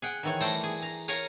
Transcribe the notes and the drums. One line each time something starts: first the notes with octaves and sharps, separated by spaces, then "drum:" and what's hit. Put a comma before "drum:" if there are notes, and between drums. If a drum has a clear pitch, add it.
G#4 F#5 G5
D#3 E3 C#5
G3 A3 C5 D5, drum: tambourine
G#4
A#5
A#4 C#5 F5 G#5, drum: tambourine